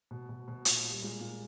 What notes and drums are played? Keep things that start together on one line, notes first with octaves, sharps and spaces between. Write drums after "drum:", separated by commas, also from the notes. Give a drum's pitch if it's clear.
B2
B2
B2
A#2, drum: hi-hat
A#2
G3
A#2 G#3
A#2